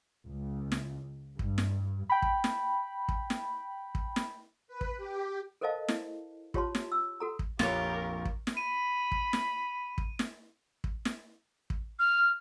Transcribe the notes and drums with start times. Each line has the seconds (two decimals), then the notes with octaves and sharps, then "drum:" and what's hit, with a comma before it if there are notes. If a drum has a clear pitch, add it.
0.25 C#2
0.72 drum: snare
1.39 G2, drum: kick
1.58 drum: snare
2.09 G5 B5
2.22 drum: kick
2.44 drum: snare
3.09 drum: kick
3.30 drum: snare
3.95 drum: kick
4.16 drum: snare
4.68 B4
4.81 drum: kick
4.97 G4
5.61 A4 A#4 C5 D#5 F5 A5
5.89 E4, drum: snare
6.54 F4 G4 C#5 A5 C6, drum: kick
6.75 drum: snare
6.92 E6
7.20 F#4 A4 A#5
7.39 drum: kick
7.59 A#1 F2 F4 G4 A#4 C#5, drum: snare
8.25 drum: kick
8.47 drum: snare
8.57 B5 D#7
9.12 drum: kick
9.33 drum: snare
9.98 drum: kick
10.19 drum: snare
10.84 drum: kick
11.05 drum: snare
11.70 drum: kick
11.99 F6